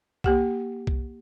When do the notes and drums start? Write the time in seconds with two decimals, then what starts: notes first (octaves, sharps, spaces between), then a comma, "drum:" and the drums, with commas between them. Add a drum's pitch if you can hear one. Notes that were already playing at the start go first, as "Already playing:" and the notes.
0.24 A#3 G4 F#5, drum: kick C2
0.87 drum: kick C2